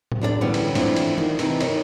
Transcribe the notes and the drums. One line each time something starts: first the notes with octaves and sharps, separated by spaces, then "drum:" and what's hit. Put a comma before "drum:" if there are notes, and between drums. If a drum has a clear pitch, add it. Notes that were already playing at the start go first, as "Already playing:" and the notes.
drum: tom A2
F#2 D4 A4 D5
D3 E3 G3 B3 C#4
drum: cymbal
D3 E3 F3 C4 D4 E4, drum: cymbal
drum: cymbal
D#3, drum: tom
C3 E3 D#4, drum: cymbal
A#4 C#5 D#5, drum: cymbal